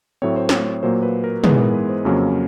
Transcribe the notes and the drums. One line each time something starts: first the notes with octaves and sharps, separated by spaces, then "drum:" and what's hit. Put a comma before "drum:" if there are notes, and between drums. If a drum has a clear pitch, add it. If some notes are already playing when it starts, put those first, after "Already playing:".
A2 F#3 A3 C4 C#5
C5
C#5, drum: snare
A#2 F#3 A#3 C5
B4
A#4
G#2 E3 G#3 B3 G#4, drum: tom
A#4
B4
C5
F2 C#3 F#3 A#3 C#4